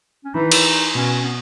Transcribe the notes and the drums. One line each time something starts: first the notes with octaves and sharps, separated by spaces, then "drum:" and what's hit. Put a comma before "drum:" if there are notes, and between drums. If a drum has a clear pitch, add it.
C#4
E3 D#4
drum: cymbal
B2 C#4
B3